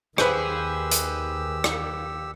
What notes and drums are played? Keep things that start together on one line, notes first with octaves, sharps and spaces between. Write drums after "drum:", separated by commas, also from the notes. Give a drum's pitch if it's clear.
D#2 D#3 G4 G#4 B4 C5 E6, drum: rim click
drum: hi-hat
drum: rim click